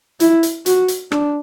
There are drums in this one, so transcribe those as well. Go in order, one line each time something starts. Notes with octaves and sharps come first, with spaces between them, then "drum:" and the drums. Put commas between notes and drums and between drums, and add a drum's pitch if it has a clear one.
E4, drum: hi-hat
drum: hi-hat
F#4, drum: hi-hat
drum: hi-hat
D4, drum: rim click